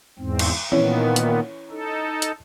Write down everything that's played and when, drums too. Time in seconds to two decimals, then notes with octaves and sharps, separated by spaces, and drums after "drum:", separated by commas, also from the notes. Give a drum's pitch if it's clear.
0.19 E2 G#2 C4
0.39 drum: cymbal
0.72 A#2 D#3 E3 B3 C#4
1.16 drum: hi-hat
1.71 D#4 A4
2.22 drum: hi-hat